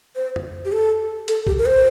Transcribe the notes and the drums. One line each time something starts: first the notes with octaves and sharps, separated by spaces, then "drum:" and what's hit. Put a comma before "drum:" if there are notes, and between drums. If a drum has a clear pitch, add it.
C5
drum: tom F2
G4
A4
A4, drum: hi-hat
G4, drum: kick B1
A#4
C5